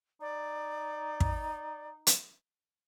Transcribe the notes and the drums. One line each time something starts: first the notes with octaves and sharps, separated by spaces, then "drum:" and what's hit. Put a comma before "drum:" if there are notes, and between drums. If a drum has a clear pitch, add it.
D#4 D5
drum: kick
drum: hi-hat